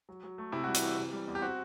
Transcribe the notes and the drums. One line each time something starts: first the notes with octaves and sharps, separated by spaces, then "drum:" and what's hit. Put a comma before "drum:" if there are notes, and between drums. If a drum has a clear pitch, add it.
F#3
F#3
A3
C3 E4
G3 F#4
E4, drum: hi-hat
E3
C3
G3
E2
G4
C4 F#4